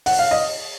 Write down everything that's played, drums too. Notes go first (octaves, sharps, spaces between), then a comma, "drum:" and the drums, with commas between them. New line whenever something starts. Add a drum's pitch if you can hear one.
F#5, drum: open hi-hat
F5
D#5